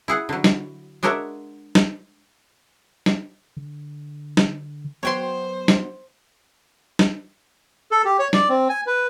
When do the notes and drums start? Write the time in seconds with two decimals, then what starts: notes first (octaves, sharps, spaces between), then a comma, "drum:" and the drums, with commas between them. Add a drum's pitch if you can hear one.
0.08 E4 G#4 F#5
0.29 D3 F#3
0.44 drum: snare
1.03 G#3 D4 A#4 C#5 E5 F#5
1.75 drum: snare
3.06 drum: snare
3.57 D3
4.37 drum: snare
5.03 F#3 B3 C5 C#5 G5 C6
5.68 drum: snare
6.99 drum: snare
7.91 A4
8.05 G4
8.19 C#5
8.33 D5, drum: snare
8.49 C4
8.69 G#5
8.87 B4